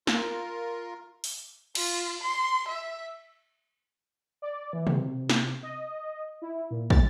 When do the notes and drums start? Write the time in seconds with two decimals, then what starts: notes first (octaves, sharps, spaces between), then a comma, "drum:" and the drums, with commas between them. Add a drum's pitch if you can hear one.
0.07 F4 A#4, drum: snare
1.24 drum: open hi-hat
1.75 F4, drum: cymbal
2.21 C6
2.68 E5
4.42 D5
4.73 E3
4.87 C3, drum: tom
5.30 drum: snare
5.63 D#5
6.42 E4
6.71 A#2
6.90 A6, drum: kick